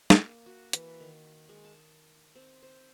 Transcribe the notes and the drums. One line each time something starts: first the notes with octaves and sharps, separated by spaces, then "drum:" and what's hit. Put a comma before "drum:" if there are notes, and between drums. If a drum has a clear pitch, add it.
A#3, drum: snare
F#4
E3, drum: hi-hat
D#3
G#3
A5
C4
C5